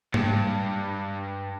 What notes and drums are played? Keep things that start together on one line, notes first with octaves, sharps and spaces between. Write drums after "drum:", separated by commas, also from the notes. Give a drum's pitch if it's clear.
G2, drum: tom G#2